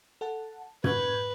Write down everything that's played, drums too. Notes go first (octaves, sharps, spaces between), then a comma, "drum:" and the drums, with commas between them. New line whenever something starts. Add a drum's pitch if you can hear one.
A4 F#5 A5
B4 C#6 G6 G#6, drum: tom